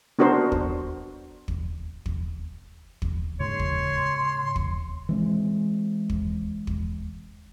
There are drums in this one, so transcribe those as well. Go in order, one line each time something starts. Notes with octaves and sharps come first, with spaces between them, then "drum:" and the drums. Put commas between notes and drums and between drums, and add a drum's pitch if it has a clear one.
B3 D4 F#4 A#4 C5
drum: kick
drum: kick
drum: kick
drum: kick
G#2 C#3 C#5 C6
drum: kick
drum: kick
E3 G#3 C4
drum: kick
drum: kick